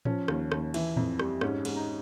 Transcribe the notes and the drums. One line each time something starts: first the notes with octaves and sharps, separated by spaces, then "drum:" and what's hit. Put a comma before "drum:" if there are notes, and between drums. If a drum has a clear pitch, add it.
F3 C#4, drum: tom A2
D#2, drum: rim click
D#2, drum: rim click
E3, drum: cymbal
F2, drum: tom A2
G3, drum: rim click
G#2 C#4, drum: rim click
G#2, drum: cymbal
D#4